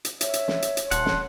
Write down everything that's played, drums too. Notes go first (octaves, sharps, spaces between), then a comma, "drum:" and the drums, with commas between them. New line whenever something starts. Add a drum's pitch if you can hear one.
drum: hi-hat
C#5 E5, drum: hi-hat
drum: hi-hat
drum: snare
drum: hi-hat
drum: hi-hat
D#1 F#5 A5 C6, drum: hi-hat
drum: snare